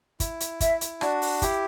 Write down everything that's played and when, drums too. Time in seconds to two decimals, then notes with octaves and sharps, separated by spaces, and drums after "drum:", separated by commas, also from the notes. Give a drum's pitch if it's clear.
0.20 E4, drum: kick, hi-hat
0.40 drum: hi-hat
0.60 E5, drum: kick, hi-hat
0.81 drum: hi-hat
1.01 D4 F#4 D5, drum: rim click
1.22 drum: open hi-hat
1.42 E4 G4, drum: kick, hi-hat